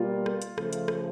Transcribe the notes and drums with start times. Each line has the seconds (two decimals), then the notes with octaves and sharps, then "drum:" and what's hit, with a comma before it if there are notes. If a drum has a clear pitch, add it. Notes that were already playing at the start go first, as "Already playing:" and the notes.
Already playing: B2 G3 A#3 F4
0.26 drum: rim click
0.42 drum: hi-hat
0.58 C#3 F3 A3, drum: rim click
0.73 drum: hi-hat
0.88 drum: rim click